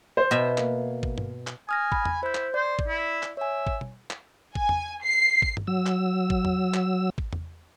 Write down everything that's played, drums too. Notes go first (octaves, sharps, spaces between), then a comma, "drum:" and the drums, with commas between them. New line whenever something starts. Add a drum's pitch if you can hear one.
C5
B2 E5
A#3, drum: clap
drum: kick G#1
drum: tom G2
drum: clap
G#5 D#6 F6 A#6
B5, drum: kick G#1
drum: tom E2
E4 C5 G6
drum: clap
C5 D5
drum: kick G#1
E4
drum: clap
C#5 E5 G#5
drum: kick G#1
drum: tom B2
drum: clap
G#5, drum: kick G#1
drum: tom E2
C7
drum: kick G#1
drum: tom G2
F#3 E6
drum: clap
drum: kick G#1
drum: tom E2
drum: clap
drum: kick G#1
drum: tom E2